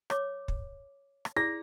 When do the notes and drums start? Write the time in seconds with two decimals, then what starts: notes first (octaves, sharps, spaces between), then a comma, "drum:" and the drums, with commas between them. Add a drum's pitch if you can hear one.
0.10 C#5 D6, drum: rim click
0.48 drum: kick
1.25 drum: rim click
1.37 E4 G#4 D5 A#6